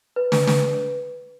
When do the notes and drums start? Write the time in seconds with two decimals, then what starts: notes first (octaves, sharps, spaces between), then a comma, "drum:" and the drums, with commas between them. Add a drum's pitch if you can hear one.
0.16 B4
0.32 drum: snare
0.48 drum: snare